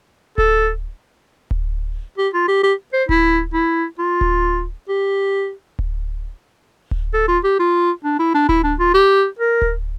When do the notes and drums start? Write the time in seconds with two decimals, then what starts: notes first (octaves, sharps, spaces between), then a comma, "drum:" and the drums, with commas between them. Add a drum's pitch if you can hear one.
0.38 A4, drum: kick D1
1.51 drum: kick D1
2.18 G4
2.34 F4
2.48 G4
2.63 G4
2.93 C5
3.09 E4, drum: kick D1
3.54 E4
3.99 F4
4.21 drum: kick D1
4.89 G4
5.79 drum: kick D1
6.91 drum: kick D1
7.14 A4
7.28 F4
7.44 G4
7.59 F4
8.04 D4
8.20 E4
8.34 D4
8.49 E4, drum: kick D1
8.64 D4
8.79 F4
8.94 G4
9.39 A#4
9.62 drum: kick D1